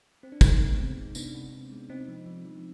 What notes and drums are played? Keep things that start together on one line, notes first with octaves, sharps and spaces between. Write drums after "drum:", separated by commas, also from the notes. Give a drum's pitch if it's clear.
C4
D4
C3 C4 D#4, drum: kick, tambourine
G#3
B3
G#3 C4
G#3
C3 B3 D4, drum: tambourine
C3
C3
G#3
C3 C4 D#4
F3
F3
F3